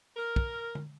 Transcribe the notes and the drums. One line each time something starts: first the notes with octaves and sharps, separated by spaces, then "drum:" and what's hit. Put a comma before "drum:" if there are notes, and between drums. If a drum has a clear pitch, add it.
A#4
drum: kick
drum: tom